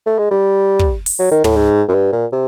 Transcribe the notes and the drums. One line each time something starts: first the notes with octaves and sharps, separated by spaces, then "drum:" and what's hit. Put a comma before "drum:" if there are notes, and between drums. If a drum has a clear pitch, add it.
A3
G#3
G3
drum: kick
drum: open hi-hat
F#3
D#3
A2, drum: tom
G#2
F#2
G2
A#2
C3